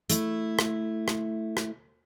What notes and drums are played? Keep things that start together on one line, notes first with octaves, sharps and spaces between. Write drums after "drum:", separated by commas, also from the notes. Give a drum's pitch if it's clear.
A3 E4, drum: hi-hat
drum: rim click
drum: rim click
drum: rim click